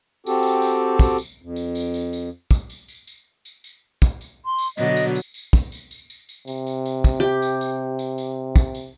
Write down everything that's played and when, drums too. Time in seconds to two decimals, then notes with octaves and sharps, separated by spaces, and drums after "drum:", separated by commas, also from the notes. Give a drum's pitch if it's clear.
0.26 C4 F#4 G4 A4, drum: tambourine
0.43 drum: tambourine
0.62 drum: tambourine
0.99 drum: kick, tambourine
1.18 drum: tambourine
1.42 F2
1.56 drum: tambourine
1.75 drum: tambourine
1.94 drum: tambourine
2.13 drum: tambourine
2.51 drum: kick, tambourine
2.70 drum: tambourine
2.88 drum: tambourine
3.07 drum: tambourine
3.45 drum: tambourine
3.64 drum: tambourine
4.02 drum: kick, tambourine
4.21 drum: tambourine
4.45 C6
4.59 drum: tambourine
4.78 B2 D3 F#3 D#5, drum: tambourine
4.96 drum: tambourine
5.15 drum: tambourine
5.34 drum: tambourine
5.53 drum: kick, tambourine
5.72 drum: tambourine
5.91 drum: tambourine
6.10 drum: tambourine
6.29 drum: tambourine
6.47 C3, drum: tambourine
6.67 drum: tambourine
6.85 drum: tambourine
7.04 drum: kick, tambourine
7.20 G4
7.42 drum: tambourine
7.61 drum: tambourine
7.99 drum: tambourine
8.18 drum: tambourine
8.56 drum: kick, tambourine
8.75 drum: tambourine